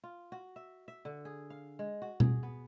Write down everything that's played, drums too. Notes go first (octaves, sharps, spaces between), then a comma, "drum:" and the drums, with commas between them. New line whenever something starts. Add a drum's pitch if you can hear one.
F4
F#4
E5
E5
D3
G#4
F5
G#3
F#4
G#4, drum: tom B2
B3